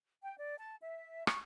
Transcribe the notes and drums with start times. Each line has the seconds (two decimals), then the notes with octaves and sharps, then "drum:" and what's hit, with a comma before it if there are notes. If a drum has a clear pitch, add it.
0.23 G5
0.39 D5
0.58 A5
0.81 E5
1.27 C#6, drum: rim click